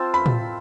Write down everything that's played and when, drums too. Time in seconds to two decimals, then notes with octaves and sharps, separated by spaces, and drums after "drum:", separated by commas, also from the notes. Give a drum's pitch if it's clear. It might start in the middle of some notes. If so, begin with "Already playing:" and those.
Already playing: C4 F4 A4 C5
0.14 B5
0.26 drum: tom